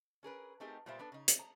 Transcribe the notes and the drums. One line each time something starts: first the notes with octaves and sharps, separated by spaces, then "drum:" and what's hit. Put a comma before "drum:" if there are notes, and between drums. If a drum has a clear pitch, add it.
C#4 G#4 A#4 B4
A3 C4 D#4 G4 G#4 A#4
A#2 G3 A#3 B3 C5 E5
B3 D4 A4 B4
C#3 D#4
drum: hi-hat
A#5